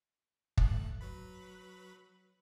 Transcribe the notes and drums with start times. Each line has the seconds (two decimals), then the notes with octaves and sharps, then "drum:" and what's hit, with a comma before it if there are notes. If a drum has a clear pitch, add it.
0.58 A3 F#6, drum: kick
1.01 F#3 B4 B5